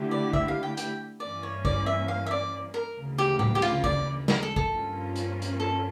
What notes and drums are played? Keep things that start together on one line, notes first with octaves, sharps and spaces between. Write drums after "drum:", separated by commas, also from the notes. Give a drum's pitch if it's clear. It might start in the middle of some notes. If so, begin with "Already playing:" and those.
Already playing: D3 A3 E4 G4
D5
E5, drum: kick
F5
G5
G5, drum: hi-hat
G2 E3 A#3 C#4 D5
C#5
D5, drum: kick
E5
F5
E5
D5
A#4
D2 C#3 E3 A#3
G4
G4, drum: tom A2
G4
F4, drum: cymbal
D5, drum: kick
A#4, drum: snare
A4
A4, drum: kick
G2 F3 A#3 C#4 F4
drum: hi-hat
drum: hi-hat
A4